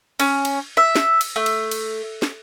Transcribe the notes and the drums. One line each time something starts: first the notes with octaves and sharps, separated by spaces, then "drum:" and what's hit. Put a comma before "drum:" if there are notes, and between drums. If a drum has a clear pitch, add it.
C#4, drum: cymbal
drum: cymbal
E5
drum: snare
drum: cymbal
A3
drum: cymbal
drum: cymbal
drum: snare